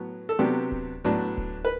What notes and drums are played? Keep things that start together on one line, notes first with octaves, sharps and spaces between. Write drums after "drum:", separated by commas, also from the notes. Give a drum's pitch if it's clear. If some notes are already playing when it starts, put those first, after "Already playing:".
Already playing: A2 F#3 B3
A4
C3 F#3 B3 D4 G4
drum: kick D1
A2 F#3 B3 D4
drum: kick D1
B4